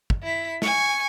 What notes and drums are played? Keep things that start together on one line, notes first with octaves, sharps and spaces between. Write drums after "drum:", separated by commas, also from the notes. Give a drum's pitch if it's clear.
drum: kick
E4 B6
G#5 C#6, drum: snare